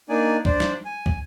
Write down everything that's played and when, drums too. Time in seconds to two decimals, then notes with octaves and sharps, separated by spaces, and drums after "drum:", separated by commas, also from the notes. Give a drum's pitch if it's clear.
0.09 A#3 D4 D#4 D5 G#5
0.45 D4 C5 D5, drum: kick
0.60 drum: snare
0.85 G#5
1.06 drum: kick